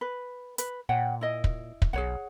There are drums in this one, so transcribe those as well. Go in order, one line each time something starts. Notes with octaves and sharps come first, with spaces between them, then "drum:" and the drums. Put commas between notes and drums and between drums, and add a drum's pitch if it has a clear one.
B4
B4, drum: hi-hat
A#2 C#5 F#5 G5
E4 D#5
drum: kick
drum: kick
B1 G#4 C#5 F#5